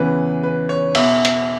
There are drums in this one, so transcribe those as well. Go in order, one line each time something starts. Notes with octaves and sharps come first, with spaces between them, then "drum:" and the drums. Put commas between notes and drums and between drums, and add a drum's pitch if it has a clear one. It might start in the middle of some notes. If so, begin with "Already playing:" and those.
Already playing: E2 C#3 E3 B4
B4
C#5
E2 B2 E5, drum: cymbal
drum: hi-hat